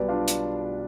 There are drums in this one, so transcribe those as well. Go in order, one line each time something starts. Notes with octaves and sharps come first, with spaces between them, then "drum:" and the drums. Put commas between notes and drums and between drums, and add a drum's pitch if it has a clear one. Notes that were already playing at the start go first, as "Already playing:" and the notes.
Already playing: B1 B2 G3 B4 D5
D4 F4
drum: hi-hat